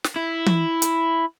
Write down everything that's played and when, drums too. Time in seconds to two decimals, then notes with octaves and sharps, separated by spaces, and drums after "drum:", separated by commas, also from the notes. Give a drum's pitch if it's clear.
0.04 drum: snare
0.16 E4
0.46 drum: tom E3
0.82 drum: hi-hat